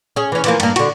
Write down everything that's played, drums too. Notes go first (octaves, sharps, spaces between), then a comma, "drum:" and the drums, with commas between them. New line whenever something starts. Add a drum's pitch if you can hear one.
C#4 G#4
E3 C#4
E3 F3 A#3, drum: cymbal
G2 A#3, drum: cymbal
D3 F#4, drum: cymbal